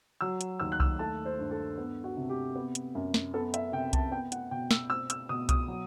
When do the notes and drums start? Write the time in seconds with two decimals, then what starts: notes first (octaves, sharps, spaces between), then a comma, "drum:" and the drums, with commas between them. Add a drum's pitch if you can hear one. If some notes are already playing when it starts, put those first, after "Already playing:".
0.21 F#3 E6
0.41 drum: hi-hat
0.60 D#2 E6
0.72 F#6
0.80 E6, drum: kick C2
0.99 A3 A5
1.25 C5
1.39 G2
1.51 A4
1.78 B3
2.04 F#4
2.17 C3
2.29 G4
2.56 B3
2.75 drum: hi-hat
2.95 F#2
3.14 drum: snare
3.34 B3 A4
3.54 E5, drum: hi-hat
3.72 C3 G5
3.93 A5, drum: kick C2, hi-hat
4.11 B3 G5
4.32 F#5, drum: hi-hat
4.51 B2 G5
4.71 E6, drum: snare
4.90 C4 E6
5.10 E6, drum: hi-hat
5.29 B2 D#6
5.49 D#6, drum: kick C2, hi-hat
5.68 F#3